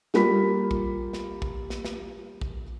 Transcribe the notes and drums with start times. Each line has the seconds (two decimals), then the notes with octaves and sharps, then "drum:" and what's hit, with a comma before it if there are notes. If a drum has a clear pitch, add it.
0.14 G3 A#3 F4 A#4 B5 B6, drum: snare
0.71 drum: kick A1
1.13 drum: snare
1.42 drum: kick A1
1.70 drum: snare
1.85 drum: snare
2.41 drum: kick A1